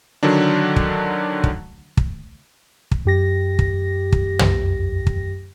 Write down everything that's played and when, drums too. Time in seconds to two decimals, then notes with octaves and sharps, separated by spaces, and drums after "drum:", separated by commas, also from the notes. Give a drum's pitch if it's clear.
0.23 D3 D#3 F#3 D4
0.76 drum: kick
1.44 drum: kick
1.97 drum: kick
2.91 drum: kick
3.05 F#2 G4 A#6
3.59 drum: kick
4.12 drum: kick
4.39 drum: tom
5.07 drum: kick